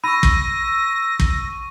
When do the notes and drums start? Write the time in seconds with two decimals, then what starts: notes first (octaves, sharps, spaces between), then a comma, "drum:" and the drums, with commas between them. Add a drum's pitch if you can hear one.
0.04 B5 C#6 E6 A#6 D#7
0.23 drum: kick
1.20 drum: kick